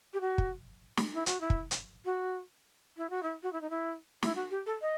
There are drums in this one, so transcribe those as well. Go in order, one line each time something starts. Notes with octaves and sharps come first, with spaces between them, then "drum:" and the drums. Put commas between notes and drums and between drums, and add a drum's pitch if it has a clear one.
G4
F#4
drum: kick
drum: snare
E4
F#4, drum: hi-hat
E4
drum: kick
drum: hi-hat
F#4
E4
F#4
E4
F#4
E4
D#4
E4
E4, drum: snare
F#4
G4
A4
D#5